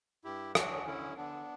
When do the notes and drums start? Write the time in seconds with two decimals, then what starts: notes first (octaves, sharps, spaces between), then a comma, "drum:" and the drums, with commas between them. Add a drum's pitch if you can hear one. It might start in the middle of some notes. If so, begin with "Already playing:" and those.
0.24 G2 E4 G4
0.55 D3 D4 F#4, drum: rim click
0.86 D3 C#4 E4
1.17 D3 B3 D4